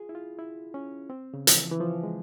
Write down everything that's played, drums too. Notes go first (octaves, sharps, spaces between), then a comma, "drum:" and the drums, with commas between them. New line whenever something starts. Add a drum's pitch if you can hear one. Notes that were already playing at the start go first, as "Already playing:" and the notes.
Already playing: F4 G#4
E4
F4
E4
C#4
C4
C#3
F3, drum: hi-hat
E3
E3
F3
G#3